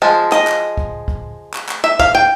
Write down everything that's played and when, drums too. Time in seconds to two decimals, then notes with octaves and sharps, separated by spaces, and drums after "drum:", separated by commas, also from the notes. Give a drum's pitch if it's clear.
0.02 F3 G#3
0.32 D#5, drum: clap
0.47 drum: clap
0.77 drum: kick
1.08 drum: kick
1.53 drum: clap
1.69 drum: clap
1.84 E5
1.99 F5, drum: kick
2.15 G5